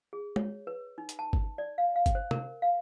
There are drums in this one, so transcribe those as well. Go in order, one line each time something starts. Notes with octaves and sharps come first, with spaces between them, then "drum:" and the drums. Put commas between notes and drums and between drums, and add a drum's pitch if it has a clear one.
G#4
C#5, drum: tom G#3
B4
D#4
drum: hi-hat
A5
drum: kick G1
D5
F5
F5
drum: kick G1, hi-hat
C5
A#4, drum: tom
F5